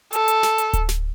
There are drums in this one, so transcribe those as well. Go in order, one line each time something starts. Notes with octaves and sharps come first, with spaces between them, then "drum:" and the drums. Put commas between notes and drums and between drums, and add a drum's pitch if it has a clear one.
A4, drum: hi-hat
drum: hi-hat
drum: snare
drum: hi-hat
drum: kick D1, hi-hat
drum: snare